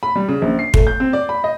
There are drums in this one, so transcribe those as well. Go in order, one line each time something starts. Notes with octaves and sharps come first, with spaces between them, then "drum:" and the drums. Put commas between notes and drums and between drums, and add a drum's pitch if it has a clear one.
B5
G3
C#3
A#1
C7
A3, drum: kick
G6
C4
D5
B5
D#5